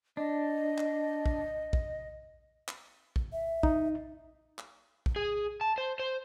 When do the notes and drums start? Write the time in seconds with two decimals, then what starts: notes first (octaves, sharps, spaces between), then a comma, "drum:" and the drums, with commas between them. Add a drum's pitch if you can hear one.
0.17 D4 D#5
0.78 drum: clap
1.26 drum: kick A#1
1.73 drum: kick A#1
2.68 drum: clap
3.16 drum: kick A#1
3.32 E5
3.63 D#4, drum: kick A#1
4.58 drum: clap
5.06 drum: kick A#1
5.16 G#4
5.61 A5
5.78 C5
6.00 C5